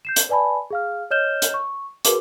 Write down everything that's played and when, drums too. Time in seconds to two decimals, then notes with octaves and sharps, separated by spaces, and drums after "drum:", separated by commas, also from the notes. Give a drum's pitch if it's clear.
0.05 G6 C7 E7
0.16 drum: hi-hat
0.29 B4 D5 G#5 A5 B5
0.71 G#4 F5 F6
1.11 C#5 D#5 F6 G6 E7 G7
1.42 drum: hi-hat
1.54 C#6
2.05 F#4 G#4 A#4 B4 D6, drum: hi-hat